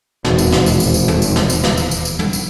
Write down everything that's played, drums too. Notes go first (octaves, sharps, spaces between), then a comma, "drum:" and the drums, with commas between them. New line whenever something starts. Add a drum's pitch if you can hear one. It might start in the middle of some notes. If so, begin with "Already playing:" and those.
D#1 G#1 E2 B2, drum: snare
drum: tambourine
drum: snare
drum: tambourine
drum: tambourine
drum: tambourine
drum: tom
drum: tambourine
drum: snare
drum: tambourine
drum: snare
drum: tambourine
drum: tambourine
drum: tambourine
drum: tom
drum: tambourine